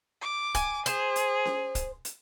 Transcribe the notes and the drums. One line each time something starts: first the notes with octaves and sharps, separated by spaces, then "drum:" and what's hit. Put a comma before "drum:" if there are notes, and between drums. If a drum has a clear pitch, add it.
D6
G#5, drum: kick, hi-hat
G#4 C5, drum: hi-hat
drum: hi-hat
drum: snare C#4
drum: kick, hi-hat
drum: hi-hat